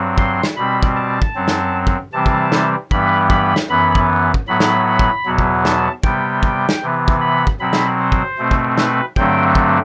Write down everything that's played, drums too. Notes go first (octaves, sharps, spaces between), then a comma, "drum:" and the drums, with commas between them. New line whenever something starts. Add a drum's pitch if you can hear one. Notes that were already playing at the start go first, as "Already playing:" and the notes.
Already playing: G2 F#3 C4
C6, drum: kick
drum: snare
B2 G3 C4 B5
drum: kick
A5
drum: kick
F#2 F#3 C4
drum: snare
drum: kick
C3 E3 G3 C4 A5
drum: kick
drum: snare
G2 E3 G3 B3 B5, drum: kick
B5, drum: kick
drum: snare
F#2 E3 B3 B5
drum: kick
drum: kick
A2 F#3 B3 B5
drum: snare
drum: kick
E2 B2 F#3 B3
drum: kick
A5, drum: snare
C3 G3 B3 G5, drum: kick
drum: kick
drum: snare
C3 E3 B3
drum: kick
B5
drum: kick
B2 F#3 C4 B5
drum: snare
C5
drum: kick
B2 A3 C4
drum: kick
B4, drum: snare
G2 D3 F#3 A3 C4 G5, drum: kick
drum: kick